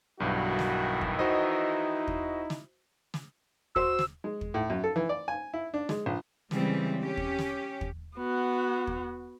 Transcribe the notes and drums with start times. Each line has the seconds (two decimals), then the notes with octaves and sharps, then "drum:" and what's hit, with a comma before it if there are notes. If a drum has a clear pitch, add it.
0.20 B1 G2 D#3 E3 F#4
0.59 drum: snare
1.01 drum: kick
1.19 D#4 E4 F#4 C5 D#5
2.07 drum: kick
2.50 drum: snare
3.14 drum: snare
3.76 F#4 C5 C6 E6, drum: kick
3.99 drum: snare
4.24 G#3
4.41 drum: kick
4.54 A2
4.70 F#2
4.84 A4
4.96 E3
5.09 D5
5.28 G#5
5.54 E4
5.74 D4
5.89 G#3, drum: snare
6.06 A#1
6.51 C#3 E3 G3 G#3 C4, drum: snare
7.01 C#4 G4
7.17 drum: kick
7.39 drum: snare
7.81 drum: kick
8.16 B3 F#4
8.87 drum: kick